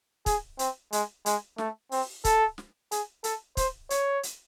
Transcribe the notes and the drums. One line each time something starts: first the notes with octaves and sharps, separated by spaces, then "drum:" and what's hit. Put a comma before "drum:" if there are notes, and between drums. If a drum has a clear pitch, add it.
G#4, drum: kick, hi-hat
C4, drum: hi-hat
G#3, drum: hi-hat
G#3, drum: hi-hat
A3, drum: snare
C4, drum: open hi-hat
A4, drum: kick, hi-hat
drum: snare
G#4, drum: hi-hat
A4, drum: hi-hat
C5, drum: kick, hi-hat
C#5, drum: hi-hat
drum: hi-hat